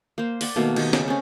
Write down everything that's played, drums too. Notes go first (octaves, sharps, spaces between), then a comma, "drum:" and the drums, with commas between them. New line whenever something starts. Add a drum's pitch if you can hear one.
A#3 C5
B4 D5 F#5 G5, drum: open hi-hat
B2 D#3 A3 A#3
D#3 G4 D#5, drum: cymbal
C#3, drum: snare
C4 C#4